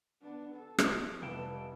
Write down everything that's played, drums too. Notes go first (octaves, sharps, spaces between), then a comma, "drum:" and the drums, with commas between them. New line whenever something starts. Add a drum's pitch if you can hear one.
B3 D4
A4
drum: rim click
F1 E3 F3 G3 B3 A4 G5 A5